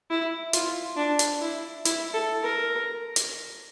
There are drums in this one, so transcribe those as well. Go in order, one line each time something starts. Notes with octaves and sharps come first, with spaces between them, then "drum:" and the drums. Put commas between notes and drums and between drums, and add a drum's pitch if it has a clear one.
E4
F4, drum: hi-hat
D4
drum: hi-hat
E4
E4, drum: hi-hat
A4
A#4
drum: hi-hat